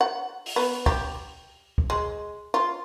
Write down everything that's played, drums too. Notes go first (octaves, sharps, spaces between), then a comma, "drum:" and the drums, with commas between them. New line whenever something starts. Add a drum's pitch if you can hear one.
F#5
drum: open hi-hat
B3
G4, drum: kick
drum: kick
G#3
F4